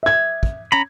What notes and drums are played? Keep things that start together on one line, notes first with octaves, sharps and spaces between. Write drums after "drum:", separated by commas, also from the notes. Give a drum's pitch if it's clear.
E5 G#6
drum: kick
C#4 A#5 B5